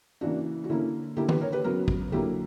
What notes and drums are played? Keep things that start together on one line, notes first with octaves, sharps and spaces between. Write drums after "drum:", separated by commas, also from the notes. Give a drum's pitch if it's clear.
C#3 E3 A#3 D4 F#4
F#4
D3 A#3 C#4 E4
D3 A#3 E4 G4
G4 B4, drum: tom
A#4 C#5
G4 B4
C#3 F#3 B3 F#4 A#4
drum: kick
D3 F#3 A#3 E4 G4